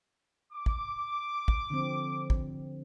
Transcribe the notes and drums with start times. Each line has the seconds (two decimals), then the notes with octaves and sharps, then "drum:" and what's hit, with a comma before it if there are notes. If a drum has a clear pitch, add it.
0.53 D6
0.66 drum: kick
1.48 drum: kick
1.70 D3 F3 C4
2.30 drum: kick